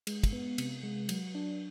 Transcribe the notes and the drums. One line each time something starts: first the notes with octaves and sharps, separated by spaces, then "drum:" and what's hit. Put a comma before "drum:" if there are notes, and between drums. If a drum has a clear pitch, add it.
G#3, drum: cymbal
drum: kick, cymbal
B3
C3, drum: cymbal
G#3
F#3, drum: cymbal
D4